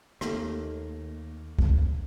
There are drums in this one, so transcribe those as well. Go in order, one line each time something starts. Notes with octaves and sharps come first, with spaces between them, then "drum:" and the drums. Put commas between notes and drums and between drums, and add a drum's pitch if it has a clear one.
D#2 A3 A#3, drum: rim click
drum: kick